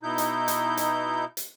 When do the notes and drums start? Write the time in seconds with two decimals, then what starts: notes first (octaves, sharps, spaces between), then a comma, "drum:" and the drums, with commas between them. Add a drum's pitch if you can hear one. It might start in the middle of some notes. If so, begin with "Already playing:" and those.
0.03 B2 D#4 E4 G6
0.18 drum: hi-hat
0.48 drum: hi-hat
0.77 drum: hi-hat
1.37 drum: hi-hat